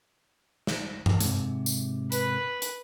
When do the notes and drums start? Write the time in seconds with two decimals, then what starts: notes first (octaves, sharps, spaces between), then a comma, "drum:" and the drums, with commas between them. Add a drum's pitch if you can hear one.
0.67 drum: snare
1.06 drum: tom G2
1.20 G#2 C3, drum: hi-hat
1.66 drum: tambourine
2.12 B4, drum: hi-hat
2.62 drum: hi-hat